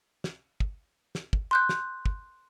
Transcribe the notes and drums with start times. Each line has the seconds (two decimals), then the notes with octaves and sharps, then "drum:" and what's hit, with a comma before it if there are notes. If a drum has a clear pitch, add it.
0.24 drum: snare
0.60 drum: kick
1.15 drum: snare
1.33 drum: kick
1.51 C6 F#6 G6
1.69 drum: snare
2.06 drum: kick